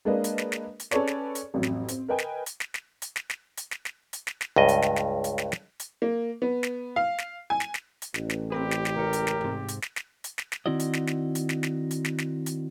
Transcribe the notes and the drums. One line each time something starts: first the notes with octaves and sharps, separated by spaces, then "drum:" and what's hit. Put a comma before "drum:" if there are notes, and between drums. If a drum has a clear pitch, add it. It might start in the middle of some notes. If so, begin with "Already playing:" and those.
G#3 A#3 D4 A#4 B4 D#5
drum: hi-hat
drum: snare
drum: snare
drum: hi-hat
C#4 G#4 A4 B4 C#5 D5, drum: snare
drum: snare
drum: hi-hat
A1 F2 F#3
drum: snare
C4, drum: hi-hat
A#4 B4 D#5 G5 G#5
drum: snare
drum: hi-hat
drum: snare
drum: snare
drum: hi-hat
drum: snare
drum: snare
drum: hi-hat
drum: snare
drum: snare
drum: hi-hat
drum: snare
drum: snare
C#2 G2 D#5
drum: hi-hat
drum: snare
drum: snare
drum: hi-hat
drum: snare
drum: snare
drum: hi-hat
A#3
B3
drum: snare
F5
drum: snare
G#5
drum: snare
drum: snare
drum: hi-hat
A1, drum: snare
drum: snare
C4 G4 A#4 B4
drum: snare
drum: snare
C#2 A#4 C#5
drum: hi-hat
drum: snare
G#2 C3
drum: hi-hat
drum: snare
drum: snare
drum: hi-hat
drum: snare
drum: snare
D#3 C4 E4 F#4 D5 D#5
drum: hi-hat
drum: snare
drum: snare
drum: hi-hat
drum: snare
drum: snare
drum: hi-hat
drum: snare
drum: snare
drum: hi-hat